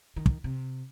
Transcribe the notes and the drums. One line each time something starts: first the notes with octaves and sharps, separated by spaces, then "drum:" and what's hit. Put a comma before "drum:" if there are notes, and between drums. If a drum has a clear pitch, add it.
D#3
drum: kick
C3